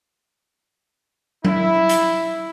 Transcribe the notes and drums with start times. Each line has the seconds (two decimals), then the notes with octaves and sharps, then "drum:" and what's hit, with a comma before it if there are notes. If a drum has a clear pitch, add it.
1.45 E4, drum: tom F#3
1.89 drum: hi-hat